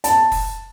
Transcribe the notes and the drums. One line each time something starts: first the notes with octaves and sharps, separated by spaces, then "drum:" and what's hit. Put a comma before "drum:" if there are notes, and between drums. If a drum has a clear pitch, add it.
A5, drum: hi-hat
drum: kick, open hi-hat